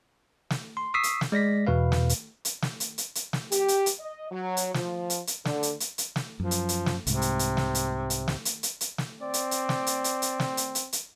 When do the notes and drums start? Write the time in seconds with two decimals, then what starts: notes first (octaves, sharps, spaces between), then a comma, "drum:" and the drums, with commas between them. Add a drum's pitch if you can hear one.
0.50 drum: snare
0.77 C6
0.94 C#6 D#6 E6 B6 C7
1.03 drum: hi-hat
1.21 drum: snare
1.32 G#3 D5 A#6 B6
1.67 E2 B2 B4 F5
1.92 drum: snare
2.09 drum: hi-hat
2.45 drum: hi-hat
2.62 drum: snare
2.80 drum: hi-hat
2.98 drum: hi-hat
3.15 drum: hi-hat
3.33 drum: snare
3.52 G4, drum: hi-hat
3.68 drum: hi-hat
3.86 drum: hi-hat
4.00 D#5
4.31 F#3
4.57 drum: hi-hat
4.74 F3, drum: snare
5.10 drum: hi-hat
5.27 drum: hi-hat
5.45 D3, drum: snare
5.63 drum: hi-hat
5.80 drum: hi-hat
5.98 drum: hi-hat
6.16 drum: snare
6.40 F#2 F3
6.51 drum: hi-hat
6.69 drum: hi-hat
6.86 drum: snare
7.07 C2 G#2 C3, drum: hi-hat
7.22 drum: hi-hat
7.39 drum: hi-hat
7.57 drum: snare
7.75 drum: hi-hat
8.10 drum: hi-hat
8.28 drum: snare
8.45 drum: hi-hat
8.63 drum: hi-hat
8.81 drum: hi-hat
8.98 drum: snare
9.21 C4 D5
9.34 drum: hi-hat
9.51 drum: hi-hat
9.69 drum: snare
9.87 drum: hi-hat
10.04 drum: hi-hat
10.22 drum: hi-hat
10.40 drum: snare
10.57 drum: hi-hat
10.75 drum: hi-hat
10.93 drum: hi-hat